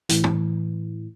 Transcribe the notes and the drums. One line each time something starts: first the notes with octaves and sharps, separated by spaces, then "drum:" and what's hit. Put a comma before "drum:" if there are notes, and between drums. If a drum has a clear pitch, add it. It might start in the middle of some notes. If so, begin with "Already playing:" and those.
A2 E3, drum: hi-hat
drum: tom